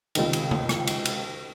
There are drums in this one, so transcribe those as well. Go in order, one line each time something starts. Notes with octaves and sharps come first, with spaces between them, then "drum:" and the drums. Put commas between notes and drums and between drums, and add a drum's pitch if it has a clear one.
C#2 C3 D#3, drum: cymbal
drum: cymbal
drum: tom C#3
drum: rim click
drum: cymbal
drum: cymbal